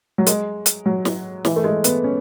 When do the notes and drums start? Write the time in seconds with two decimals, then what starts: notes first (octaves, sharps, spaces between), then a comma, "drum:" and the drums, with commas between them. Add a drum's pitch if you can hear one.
0.18 F#3
0.27 G#3, drum: hi-hat
0.66 drum: hi-hat
0.86 F#3
1.05 drum: snare
1.45 E3, drum: snare
1.56 A3
1.64 G#3
1.84 B3, drum: hi-hat
2.04 C#4